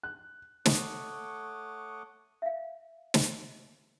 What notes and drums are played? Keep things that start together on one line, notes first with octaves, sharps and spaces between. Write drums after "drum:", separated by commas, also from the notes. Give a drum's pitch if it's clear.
F#6
A3 C#5 F#5 D6 D#6, drum: snare
E5 F5
drum: snare